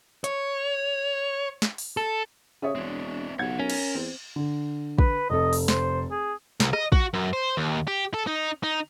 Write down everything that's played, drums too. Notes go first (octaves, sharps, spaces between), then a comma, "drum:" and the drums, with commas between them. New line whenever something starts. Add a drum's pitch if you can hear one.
C#5, drum: hi-hat
drum: snare
drum: open hi-hat
A4
C#3 C#5 E5 D#6
E1 C4 D4
B1 C#3 F#5 G#6
C#4 A#4
drum: cymbal
E2 C4
D3
B4, drum: kick
F1 A4 D#5
drum: open hi-hat
C5, drum: snare
G#4
C2, drum: snare
D#5, drum: rim click
F#4, drum: kick
F#2
C5
D#2
G4
A4
D#4
D#4